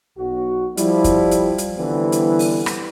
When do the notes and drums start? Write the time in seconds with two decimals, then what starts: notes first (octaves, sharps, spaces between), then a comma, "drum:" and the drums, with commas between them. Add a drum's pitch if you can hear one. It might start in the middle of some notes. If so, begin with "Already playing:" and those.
0.18 B1 F#4
0.77 F3 G3 E4, drum: hi-hat
1.04 drum: kick, hi-hat
1.31 drum: hi-hat
1.58 drum: hi-hat
1.78 D3 E3 G3 B3 C4 E4
2.12 drum: hi-hat
2.39 drum: open hi-hat
2.66 drum: rim click